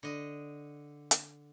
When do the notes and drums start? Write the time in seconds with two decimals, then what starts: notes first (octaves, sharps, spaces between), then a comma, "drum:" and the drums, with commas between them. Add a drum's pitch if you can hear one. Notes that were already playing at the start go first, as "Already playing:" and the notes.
0.03 D3 D#5
1.11 drum: hi-hat